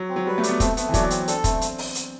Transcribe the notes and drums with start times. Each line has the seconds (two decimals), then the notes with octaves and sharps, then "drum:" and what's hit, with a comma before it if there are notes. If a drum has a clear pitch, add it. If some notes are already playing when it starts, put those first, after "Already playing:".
Already playing: F#3
0.09 C4
0.16 F#3
0.27 G3 B4
0.38 A3
0.43 B3 D5, drum: hi-hat
0.60 A3 C4, drum: kick, hi-hat
0.77 A3 B3, drum: hi-hat
0.89 E3
0.94 F#3 D5, drum: kick, hi-hat
1.10 C4, drum: hi-hat
1.28 D4 A4, drum: hi-hat
1.44 A3 C4, drum: kick, hi-hat
1.61 drum: hi-hat
1.78 drum: open hi-hat
1.95 drum: hi-hat